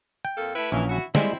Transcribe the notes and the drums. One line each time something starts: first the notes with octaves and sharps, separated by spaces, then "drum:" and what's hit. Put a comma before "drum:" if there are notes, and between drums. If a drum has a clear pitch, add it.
G5
F2 A#3 A4
A3 E4 B4
A#1 A#2 E3 C#4
E4 F#4
G3 G#3 C4 E4, drum: snare